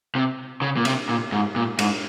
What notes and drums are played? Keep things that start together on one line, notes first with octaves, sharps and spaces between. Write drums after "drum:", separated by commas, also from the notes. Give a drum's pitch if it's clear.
C3
C#3
A#2
C3, drum: cymbal
A#2
G#2
A#2
G#2, drum: cymbal